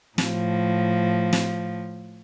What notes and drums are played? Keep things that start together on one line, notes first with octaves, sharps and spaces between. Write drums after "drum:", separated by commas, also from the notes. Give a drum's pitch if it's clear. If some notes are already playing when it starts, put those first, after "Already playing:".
A2 F3, drum: snare
drum: snare